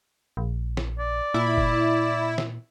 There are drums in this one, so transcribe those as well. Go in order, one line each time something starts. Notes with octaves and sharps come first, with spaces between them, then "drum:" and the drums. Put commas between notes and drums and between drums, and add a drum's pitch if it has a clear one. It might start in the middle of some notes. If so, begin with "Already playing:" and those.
A#1
drum: snare
D5
A#2 E4
drum: kick F1
drum: snare